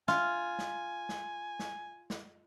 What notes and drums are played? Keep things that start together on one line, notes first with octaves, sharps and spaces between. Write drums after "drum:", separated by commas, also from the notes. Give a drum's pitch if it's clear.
F4 G#5, drum: snare
drum: snare
drum: snare
drum: snare
drum: snare